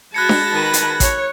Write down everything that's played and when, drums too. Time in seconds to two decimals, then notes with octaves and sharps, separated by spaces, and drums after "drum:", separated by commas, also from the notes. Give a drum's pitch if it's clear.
0.14 G#3 F#4 A5 B5 F#6 G#6 A#6 C#7
0.29 drum: snare D4
0.52 D#3 B4
0.73 drum: hi-hat
1.00 C#5, drum: kick A1, hi-hat